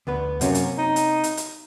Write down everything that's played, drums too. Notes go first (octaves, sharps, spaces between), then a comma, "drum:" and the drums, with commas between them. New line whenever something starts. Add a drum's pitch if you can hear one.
D2 B3 B4
F#2 C3 A#3 C#4, drum: hi-hat
drum: hi-hat
D#4
drum: hi-hat
drum: hi-hat
drum: hi-hat